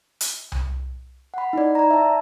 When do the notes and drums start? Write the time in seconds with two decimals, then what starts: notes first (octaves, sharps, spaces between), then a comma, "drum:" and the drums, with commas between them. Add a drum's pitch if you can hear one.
0.21 drum: hi-hat
0.52 drum: tom C2
1.34 F#5 B5
1.53 D#4 E4 D5
1.75 D5 A#5
1.91 E5 A5